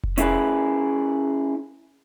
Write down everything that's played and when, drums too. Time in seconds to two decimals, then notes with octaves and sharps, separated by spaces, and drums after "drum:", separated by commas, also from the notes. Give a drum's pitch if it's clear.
0.03 drum: kick F1
0.18 C#4 E4 G#4 A#4 B4, drum: hi-hat